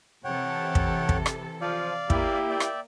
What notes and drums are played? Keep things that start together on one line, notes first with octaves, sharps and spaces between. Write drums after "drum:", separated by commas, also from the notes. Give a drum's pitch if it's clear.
C3 E3 A4 C#5 F#5 G5
drum: kick
drum: kick
drum: rim click
F3 D5 F5
A#3 E4 G4, drum: kick
D5 E5 G5
drum: rim click